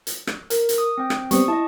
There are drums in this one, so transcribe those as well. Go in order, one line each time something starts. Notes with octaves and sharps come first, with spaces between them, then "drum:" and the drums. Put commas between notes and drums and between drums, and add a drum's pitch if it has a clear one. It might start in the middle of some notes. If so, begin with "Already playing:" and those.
drum: hi-hat
drum: rim click
A#4, drum: hi-hat
drum: hi-hat
D#6
C4 G5
drum: rim click
G3 B3 C4 C#6 D#6, drum: hi-hat
E4 D#5 A5